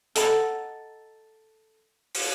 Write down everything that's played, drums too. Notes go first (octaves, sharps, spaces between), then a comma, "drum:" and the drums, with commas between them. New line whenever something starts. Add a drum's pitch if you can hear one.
A4 D#5 F#5 A#5, drum: hi-hat
drum: open hi-hat